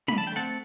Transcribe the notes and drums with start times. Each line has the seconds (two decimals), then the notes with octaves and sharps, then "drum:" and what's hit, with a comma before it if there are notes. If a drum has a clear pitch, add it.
0.08 D3 B5, drum: tom
0.18 A5
0.27 G5
0.32 A3 C4 F#5 A5